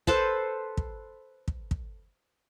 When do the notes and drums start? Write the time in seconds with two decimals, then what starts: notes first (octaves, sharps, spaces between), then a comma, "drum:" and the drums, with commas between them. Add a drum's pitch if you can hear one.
0.07 A4 B4 C5 A5, drum: kick
0.77 drum: kick
1.48 drum: kick
1.71 drum: kick